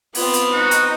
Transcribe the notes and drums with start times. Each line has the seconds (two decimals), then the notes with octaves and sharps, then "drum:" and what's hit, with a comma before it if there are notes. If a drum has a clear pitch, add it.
0.15 B3 C4 F4, drum: open hi-hat
0.34 drum: hi-hat
0.53 D#4 F#4
0.71 drum: hi-hat